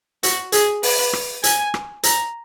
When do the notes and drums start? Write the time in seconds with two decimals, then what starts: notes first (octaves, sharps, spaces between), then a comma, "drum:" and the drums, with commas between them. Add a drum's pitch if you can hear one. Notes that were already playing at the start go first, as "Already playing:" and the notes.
0.23 F#4, drum: hi-hat
0.52 G#4, drum: hi-hat
0.83 B4, drum: open hi-hat
1.13 drum: rim click
1.44 G#5, drum: hi-hat
1.74 drum: rim click
2.03 A#5, drum: hi-hat